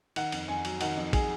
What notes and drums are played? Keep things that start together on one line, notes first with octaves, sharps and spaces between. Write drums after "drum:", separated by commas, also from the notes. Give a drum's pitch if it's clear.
D#3 F#5, drum: cymbal
F2, drum: cymbal
F2 G#5
F#3, drum: cymbal
D#3 F#5, drum: cymbal
F2
G#4, drum: kick, cymbal